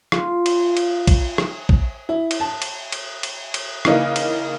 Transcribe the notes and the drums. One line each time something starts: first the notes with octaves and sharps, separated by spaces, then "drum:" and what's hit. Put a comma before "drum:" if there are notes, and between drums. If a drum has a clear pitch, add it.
F4, drum: rim click
drum: cymbal
drum: cymbal
drum: kick, cymbal
drum: rim click
drum: kick
E4
drum: cymbal
A5
drum: cymbal
drum: cymbal
drum: cymbal
drum: cymbal
C#3 E3 A#3 D#4, drum: rim click
drum: cymbal